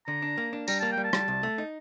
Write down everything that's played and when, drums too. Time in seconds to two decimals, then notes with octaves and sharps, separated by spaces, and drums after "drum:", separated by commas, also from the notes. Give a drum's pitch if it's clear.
0.07 D3 A#5
0.22 D4
0.38 A#3
0.53 D4
0.68 G3 A#5, drum: tambourine
0.80 A#3 A5
0.92 G5
0.97 G3
1.04 A5
1.13 G3, drum: rim click
1.28 C2
1.43 A3
1.58 D#4